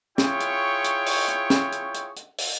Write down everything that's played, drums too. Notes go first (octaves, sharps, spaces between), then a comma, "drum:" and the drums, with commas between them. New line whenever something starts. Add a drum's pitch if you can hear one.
E4 F4 G#4 C#5 G5 C#6, drum: snare
drum: hi-hat
drum: hi-hat
drum: open hi-hat
drum: hi-hat
drum: snare
drum: hi-hat
drum: hi-hat
drum: hi-hat
drum: open hi-hat